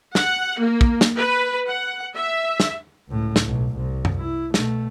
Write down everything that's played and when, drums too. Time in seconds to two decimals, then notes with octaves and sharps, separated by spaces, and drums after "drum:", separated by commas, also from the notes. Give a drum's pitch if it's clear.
0.15 F#5, drum: snare
0.60 A#3
0.81 drum: kick
1.01 drum: snare
1.15 B4
1.67 F#5
2.15 E5
2.60 drum: snare
3.08 C#2 A2
3.36 drum: snare
3.47 B1
3.77 C2
4.05 drum: tom
4.18 E4
4.54 B2 A3, drum: snare